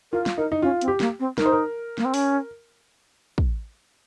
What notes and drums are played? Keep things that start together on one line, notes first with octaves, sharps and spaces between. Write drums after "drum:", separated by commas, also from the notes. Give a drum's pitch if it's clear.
F4 A#4
drum: snare
D#4 A#4
D#4
C#4 F4
C4, drum: hi-hat
G4
A#3, drum: snare
C4
D#4 A#4, drum: snare
C5
A#4
A#3, drum: snare
C4
C#4, drum: open hi-hat
drum: kick